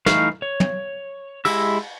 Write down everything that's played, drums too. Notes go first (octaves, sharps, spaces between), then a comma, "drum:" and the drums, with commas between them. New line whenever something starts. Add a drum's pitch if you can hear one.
E3 A3 D#4 F5 C#6, drum: snare
C#5
drum: tom
G#3 E4 G4 E6, drum: cymbal